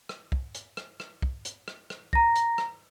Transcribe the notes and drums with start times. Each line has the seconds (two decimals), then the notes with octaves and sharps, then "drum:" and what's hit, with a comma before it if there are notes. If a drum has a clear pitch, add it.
0.09 drum: rim click
0.32 drum: kick
0.55 drum: hi-hat
0.77 drum: rim click
1.00 drum: rim click
1.22 drum: kick
1.45 drum: hi-hat
1.68 drum: rim click
1.90 drum: rim click
2.13 A#5 A#6, drum: kick
2.36 drum: hi-hat
2.58 drum: rim click